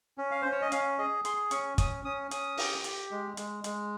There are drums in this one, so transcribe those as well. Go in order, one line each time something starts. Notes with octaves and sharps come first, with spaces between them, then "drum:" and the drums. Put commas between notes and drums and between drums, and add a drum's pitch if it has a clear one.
C#4
F5
C#4 C5
C#5
D#5
C#4 F5, drum: hi-hat
G#4 D#5
G#4 C6, drum: hi-hat
C#4 C#6, drum: hi-hat
C#4 D#6, drum: kick, hi-hat
C#4 D#6
C#4 D#6, drum: hi-hat
G4, drum: open hi-hat
G4, drum: hi-hat
G#3
G#3, drum: hi-hat
G#3, drum: hi-hat